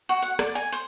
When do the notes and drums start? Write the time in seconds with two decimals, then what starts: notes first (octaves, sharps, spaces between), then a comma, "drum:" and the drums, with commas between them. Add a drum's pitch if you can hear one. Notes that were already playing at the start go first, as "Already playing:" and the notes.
0.09 F#4
0.22 F#5
0.39 D5, drum: rim click
0.55 G#5
0.72 C5